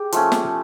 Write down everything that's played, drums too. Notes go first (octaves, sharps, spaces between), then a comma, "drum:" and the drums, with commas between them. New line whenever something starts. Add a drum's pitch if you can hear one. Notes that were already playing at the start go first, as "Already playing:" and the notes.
Already playing: G4 G#4
F3 A3 C#4, drum: hi-hat
drum: snare